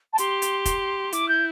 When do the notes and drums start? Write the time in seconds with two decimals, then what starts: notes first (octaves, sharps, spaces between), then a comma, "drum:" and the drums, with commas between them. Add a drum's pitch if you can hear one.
0.13 A5
0.18 G4 C6, drum: hi-hat
0.42 drum: hi-hat
0.65 drum: kick, hi-hat
1.13 E4 D6, drum: hi-hat
1.28 G6